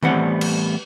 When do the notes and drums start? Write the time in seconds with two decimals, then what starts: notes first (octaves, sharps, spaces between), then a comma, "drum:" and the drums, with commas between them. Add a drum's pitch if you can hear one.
0.03 A2 E3 G3 B3 C4 F#5, drum: tom D#3
0.41 drum: cymbal